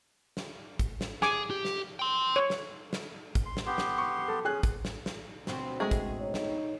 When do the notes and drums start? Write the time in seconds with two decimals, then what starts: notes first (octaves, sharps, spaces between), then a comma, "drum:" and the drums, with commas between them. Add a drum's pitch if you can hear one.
0.37 drum: snare
0.79 drum: kick, hi-hat
1.01 drum: snare
1.22 G#4 G#5 D6, drum: snare
1.50 G4
1.65 drum: snare
1.99 G5 C6
2.36 C#5
2.50 drum: snare
2.93 drum: snare
3.35 drum: kick, hi-hat
3.46 C6
3.57 drum: snare
3.66 B3 G4 C6
3.78 drum: snare
3.98 C#6
4.28 A4
4.45 C#4 G#4 F#6
4.63 drum: kick, hi-hat
4.85 drum: snare
5.06 drum: snare
5.47 D2 B2 C4, drum: snare
5.80 G#3 A3 G#4
5.91 drum: kick, hi-hat
6.21 D#4 C#5
6.34 drum: snare